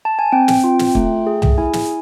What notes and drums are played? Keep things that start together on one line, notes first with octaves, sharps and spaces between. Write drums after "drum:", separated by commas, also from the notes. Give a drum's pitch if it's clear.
A5
G#5
C4 G5
drum: snare
F4
drum: snare
A3, drum: kick
G#4
drum: tom
E4 G#5
drum: snare